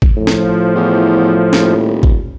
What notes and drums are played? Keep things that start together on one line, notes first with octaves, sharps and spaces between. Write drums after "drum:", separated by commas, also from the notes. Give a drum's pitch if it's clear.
drum: kick G#1
A2 F3
drum: snare
E2
D#1, drum: snare
drum: kick G#1